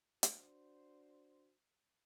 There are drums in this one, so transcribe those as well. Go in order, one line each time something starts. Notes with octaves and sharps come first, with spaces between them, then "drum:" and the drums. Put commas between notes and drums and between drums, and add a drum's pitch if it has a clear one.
D4 F#4 C5, drum: hi-hat